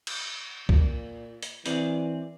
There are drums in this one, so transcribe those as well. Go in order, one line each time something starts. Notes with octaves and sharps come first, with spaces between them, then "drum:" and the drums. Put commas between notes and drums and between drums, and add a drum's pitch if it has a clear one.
drum: cymbal
A#2, drum: kick C2
drum: hi-hat
E3 C4 G#4 D5, drum: hi-hat